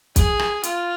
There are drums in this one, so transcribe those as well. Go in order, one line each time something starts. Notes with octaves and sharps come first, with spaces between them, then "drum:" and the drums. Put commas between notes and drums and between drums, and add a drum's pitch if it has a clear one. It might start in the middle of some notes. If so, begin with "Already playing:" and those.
G#4, drum: kick, hi-hat
drum: rim click
F4, drum: hi-hat